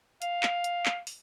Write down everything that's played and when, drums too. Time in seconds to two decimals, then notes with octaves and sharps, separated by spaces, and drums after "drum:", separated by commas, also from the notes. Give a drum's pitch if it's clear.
0.22 F5, drum: hi-hat
0.43 drum: clap
0.64 drum: hi-hat
0.86 drum: clap
1.07 drum: open hi-hat